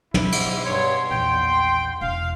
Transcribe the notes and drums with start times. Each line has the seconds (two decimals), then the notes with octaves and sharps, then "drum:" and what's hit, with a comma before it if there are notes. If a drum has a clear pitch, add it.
0.14 B2 E4, drum: tom
0.32 drum: cymbal
0.65 G2 C#5 C6
1.11 A#1 E2 G5
2.01 E1 F5